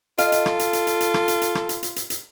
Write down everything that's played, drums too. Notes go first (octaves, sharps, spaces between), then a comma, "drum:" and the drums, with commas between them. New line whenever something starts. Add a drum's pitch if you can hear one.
F4 A4 D#5 F5, drum: hi-hat
drum: hi-hat
drum: rim click
drum: hi-hat
drum: hi-hat
drum: hi-hat
drum: hi-hat
drum: rim click
drum: hi-hat
drum: hi-hat
drum: rim click
drum: hi-hat
drum: hi-hat
drum: hi-hat
drum: hi-hat